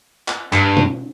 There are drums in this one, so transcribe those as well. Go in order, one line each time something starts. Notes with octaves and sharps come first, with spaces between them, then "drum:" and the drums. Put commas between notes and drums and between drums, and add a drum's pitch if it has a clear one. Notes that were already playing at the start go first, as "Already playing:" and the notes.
drum: clap
G2, drum: clap
drum: tom B2